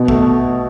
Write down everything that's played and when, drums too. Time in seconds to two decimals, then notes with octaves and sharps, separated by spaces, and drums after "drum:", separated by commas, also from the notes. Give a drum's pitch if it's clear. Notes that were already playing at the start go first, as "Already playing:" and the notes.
Already playing: B2
0.08 A3, drum: kick